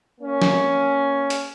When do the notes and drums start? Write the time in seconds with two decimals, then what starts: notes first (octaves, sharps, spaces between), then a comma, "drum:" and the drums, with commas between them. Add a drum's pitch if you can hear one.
0.20 A#3 C#4
0.42 drum: snare
1.30 drum: hi-hat